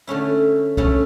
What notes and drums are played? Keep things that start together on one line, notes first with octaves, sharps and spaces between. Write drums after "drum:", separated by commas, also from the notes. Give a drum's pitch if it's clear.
D3 A3 C#4 E4
D3 A3 C#4 E4, drum: kick C2